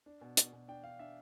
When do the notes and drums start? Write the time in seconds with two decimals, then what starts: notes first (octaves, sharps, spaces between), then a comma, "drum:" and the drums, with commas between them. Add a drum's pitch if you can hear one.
0.06 D4
0.21 B2
0.37 B2, drum: hi-hat
0.53 B2
0.68 D4 G5
0.84 D4 F5
0.99 D4 E5